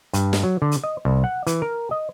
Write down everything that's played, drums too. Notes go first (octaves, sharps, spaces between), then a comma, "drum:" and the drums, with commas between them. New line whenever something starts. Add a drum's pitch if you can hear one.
G2, drum: hi-hat
drum: snare
F#3
D3
drum: hi-hat
D#5
C2
F#5
E3, drum: hi-hat
A#4
D#5